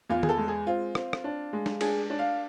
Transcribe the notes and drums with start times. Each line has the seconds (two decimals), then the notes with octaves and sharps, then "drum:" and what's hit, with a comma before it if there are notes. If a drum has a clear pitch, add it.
0.10 E2 F4
0.23 G#4, drum: tom
0.29 A4
0.38 G#3
0.48 G#4
0.67 C4 F4
0.95 C4, drum: rim click
1.13 drum: rim click
1.24 D4
1.53 G#3
1.66 drum: snare
1.81 D4 G#4, drum: cymbal
2.10 D4
2.19 F5